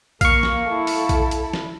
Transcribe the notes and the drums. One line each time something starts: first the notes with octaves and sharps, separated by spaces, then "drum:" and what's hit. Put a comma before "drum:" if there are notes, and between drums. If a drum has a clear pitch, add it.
A#3 F5 C#6, drum: kick A#1, hi-hat
drum: snare
E4 A4
drum: open hi-hat
drum: kick A#1, hi-hat
drum: hi-hat
drum: snare